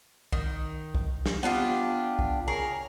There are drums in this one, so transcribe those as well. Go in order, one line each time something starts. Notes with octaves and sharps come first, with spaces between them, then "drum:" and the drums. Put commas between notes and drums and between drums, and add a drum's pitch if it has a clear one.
D#3, drum: kick B1
drum: kick B1
drum: snare
B3 D4 F4 G4
drum: kick B1
G#4 A#4 C#5